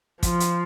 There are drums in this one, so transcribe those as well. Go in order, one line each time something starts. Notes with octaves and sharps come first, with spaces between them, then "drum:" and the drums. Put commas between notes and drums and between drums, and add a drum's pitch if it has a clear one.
F3, drum: kick, hi-hat
drum: hi-hat